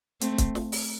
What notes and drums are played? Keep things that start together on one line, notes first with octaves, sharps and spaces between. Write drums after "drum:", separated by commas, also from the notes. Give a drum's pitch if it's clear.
A3 C4, drum: hi-hat
drum: kick, hi-hat
drum: snare
drum: open hi-hat